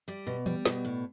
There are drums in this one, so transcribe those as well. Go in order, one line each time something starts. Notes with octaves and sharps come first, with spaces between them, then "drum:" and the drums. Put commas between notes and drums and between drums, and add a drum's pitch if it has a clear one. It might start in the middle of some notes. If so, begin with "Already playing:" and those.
G3 D5
B2
G3, drum: tom
B2, drum: snare
A2